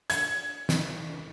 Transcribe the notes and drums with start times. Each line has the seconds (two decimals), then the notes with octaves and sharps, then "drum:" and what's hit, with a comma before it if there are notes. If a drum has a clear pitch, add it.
0.10 G#6, drum: hi-hat
0.69 drum: snare